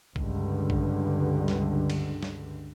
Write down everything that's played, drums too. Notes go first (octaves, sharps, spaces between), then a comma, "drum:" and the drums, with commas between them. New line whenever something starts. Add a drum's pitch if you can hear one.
C#2 G2 D3, drum: kick
drum: kick
drum: snare
drum: cymbal
drum: snare